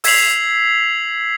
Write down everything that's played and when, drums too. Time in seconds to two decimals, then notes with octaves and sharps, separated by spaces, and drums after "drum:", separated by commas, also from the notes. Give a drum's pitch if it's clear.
0.04 E6 G#6 B6 C7 F7 F#7, drum: open hi-hat